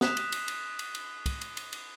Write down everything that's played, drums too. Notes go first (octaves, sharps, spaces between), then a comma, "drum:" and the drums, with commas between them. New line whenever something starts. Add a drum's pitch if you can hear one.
D#6 F#6 B6 E7 F7, drum: snare
drum: cymbal
drum: cymbal
drum: cymbal
drum: cymbal
drum: cymbal
drum: kick, cymbal
drum: cymbal
drum: cymbal
drum: cymbal